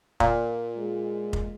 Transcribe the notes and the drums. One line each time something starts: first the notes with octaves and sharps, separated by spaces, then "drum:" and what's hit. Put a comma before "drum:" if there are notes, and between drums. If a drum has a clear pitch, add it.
A#2, drum: kick
G#3
drum: kick